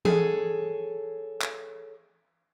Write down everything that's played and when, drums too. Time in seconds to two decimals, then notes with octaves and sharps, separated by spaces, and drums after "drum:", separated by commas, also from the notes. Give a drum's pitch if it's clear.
0.05 G#4 A4 C#5, drum: tom E3
1.42 drum: clap